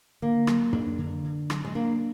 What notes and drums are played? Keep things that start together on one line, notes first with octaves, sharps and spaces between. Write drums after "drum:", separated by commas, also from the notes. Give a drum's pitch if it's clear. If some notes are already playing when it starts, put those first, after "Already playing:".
D3 A#3
F#3, drum: rim click
D4, drum: tom
D3
D3
F#3, drum: rim click
G#3
A#3 D4